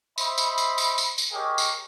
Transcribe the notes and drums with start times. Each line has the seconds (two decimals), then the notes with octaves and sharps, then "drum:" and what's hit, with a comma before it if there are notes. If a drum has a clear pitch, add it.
0.18 C5 D#5 E5 B5, drum: tambourine
0.38 drum: tambourine
0.58 drum: tambourine
0.78 drum: tambourine
0.98 drum: tambourine
1.18 drum: tambourine
1.32 G4 G#4 A#4 C#5 D#5 G5
1.58 drum: tambourine